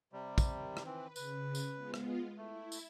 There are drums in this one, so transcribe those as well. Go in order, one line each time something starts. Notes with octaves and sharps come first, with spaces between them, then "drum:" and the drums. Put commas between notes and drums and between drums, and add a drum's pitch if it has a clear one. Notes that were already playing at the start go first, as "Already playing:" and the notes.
C3 G3
drum: kick, tambourine
D#3
drum: rim click
E3 C4 B4
C#3 B4, drum: tambourine
drum: tambourine
G#3 B3 F4
drum: rim click
A3 E4
drum: tambourine